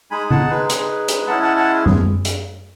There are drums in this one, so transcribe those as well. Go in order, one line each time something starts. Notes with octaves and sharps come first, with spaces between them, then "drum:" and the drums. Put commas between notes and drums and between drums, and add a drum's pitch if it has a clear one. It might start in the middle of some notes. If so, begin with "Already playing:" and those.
G#3 D#4 G#4 G#5 B5
F#5 A5, drum: tom C#3
G#4 B4
G#3 D#4 G#4, drum: hi-hat
drum: hi-hat
G#3 C#4 E4 G#4 F#5 A5
F#5 A5
F#5 A5
drum: tom F#2
drum: hi-hat